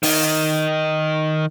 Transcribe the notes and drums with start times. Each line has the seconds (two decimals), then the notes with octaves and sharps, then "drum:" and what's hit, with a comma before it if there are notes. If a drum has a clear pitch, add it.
0.03 D#3 D#4, drum: open hi-hat